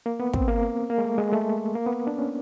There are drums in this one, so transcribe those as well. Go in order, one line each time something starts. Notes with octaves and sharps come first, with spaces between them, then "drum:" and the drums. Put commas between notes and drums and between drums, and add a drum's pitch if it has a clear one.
A#3
B3
C4, drum: kick
A#3
A#3
G#3
A3
G#3
A3
A#3
B3
D4
C#4